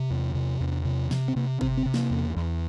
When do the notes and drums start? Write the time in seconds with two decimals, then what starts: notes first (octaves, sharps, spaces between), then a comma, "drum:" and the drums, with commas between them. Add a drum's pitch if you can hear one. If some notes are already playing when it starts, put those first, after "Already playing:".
Already playing: C3
0.10 E2
0.35 C3
0.61 E2
0.85 C3
1.11 C3, drum: snare
1.28 C4
1.36 C3 A#3
1.61 C3 C4, drum: kick G1
1.77 C4
1.86 C3
1.94 A#3, drum: snare
2.11 E2
2.37 E2